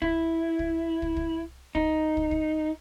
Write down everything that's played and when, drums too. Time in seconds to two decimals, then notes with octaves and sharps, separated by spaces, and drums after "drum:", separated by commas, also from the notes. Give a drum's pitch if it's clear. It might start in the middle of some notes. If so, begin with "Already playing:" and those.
0.02 E4, drum: kick
0.59 drum: kick
1.02 drum: kick
1.16 drum: kick
1.75 D#4, drum: kick
2.17 drum: kick
2.31 drum: kick